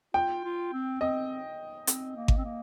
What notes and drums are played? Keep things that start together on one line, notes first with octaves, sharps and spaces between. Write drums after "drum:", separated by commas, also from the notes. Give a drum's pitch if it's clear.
F4 G5
F4
C4
C4 D#5
C4, drum: hi-hat
A#3
drum: kick G#1
C4
A#3